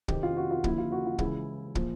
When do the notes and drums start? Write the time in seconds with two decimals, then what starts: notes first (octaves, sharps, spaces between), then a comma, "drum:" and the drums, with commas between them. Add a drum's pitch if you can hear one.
0.08 F2 C3 D#3 G4, drum: kick
0.23 F4
0.37 F#4
0.51 F4
0.64 D#2 D3 F3 E4, drum: kick
0.78 F4
0.92 F#4
1.06 F4
1.18 C#2 C#3 E3 E4, drum: kick
1.75 A#2 F3, drum: kick